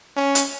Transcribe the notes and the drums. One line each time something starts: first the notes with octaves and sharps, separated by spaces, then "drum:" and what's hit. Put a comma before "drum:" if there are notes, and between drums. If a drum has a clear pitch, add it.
C#4
drum: hi-hat